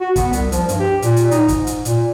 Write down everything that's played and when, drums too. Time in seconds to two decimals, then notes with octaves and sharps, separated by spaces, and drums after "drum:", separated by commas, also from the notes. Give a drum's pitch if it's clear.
0.01 F#4
0.16 B3, drum: kick, hi-hat
0.33 C2, drum: hi-hat
0.52 F3, drum: hi-hat
0.69 G2, drum: hi-hat
0.80 G4
1.02 A#2, drum: hi-hat
1.16 drum: hi-hat
1.31 D#4, drum: hi-hat
1.48 G#2, drum: kick, hi-hat
1.67 drum: hi-hat
1.85 A#2, drum: hi-hat